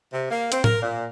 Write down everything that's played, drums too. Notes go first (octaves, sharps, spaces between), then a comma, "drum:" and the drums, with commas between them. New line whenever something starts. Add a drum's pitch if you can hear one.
C3
A#3
C4, drum: hi-hat
A#4, drum: tom A2
A#2